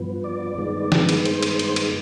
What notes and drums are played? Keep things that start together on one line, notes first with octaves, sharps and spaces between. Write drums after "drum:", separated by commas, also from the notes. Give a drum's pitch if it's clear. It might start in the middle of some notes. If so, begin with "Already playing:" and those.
Already playing: G2 F3 B3
D5
G2 D#3 G#3 B3
drum: snare
drum: cymbal
C5, drum: cymbal
drum: cymbal
drum: cymbal
drum: cymbal